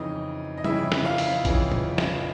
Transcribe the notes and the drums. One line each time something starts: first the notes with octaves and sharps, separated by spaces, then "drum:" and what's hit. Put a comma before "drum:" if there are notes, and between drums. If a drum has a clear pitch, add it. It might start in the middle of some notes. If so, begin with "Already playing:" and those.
Already playing: F2 C#3 E3 D#4 D#5
D#5
F2 C#3 E3 E4 E5, drum: tom F#3
drum: snare
F4 F5
drum: open hi-hat
F2 C#3 E3, drum: kick, hi-hat
drum: tom A2
drum: snare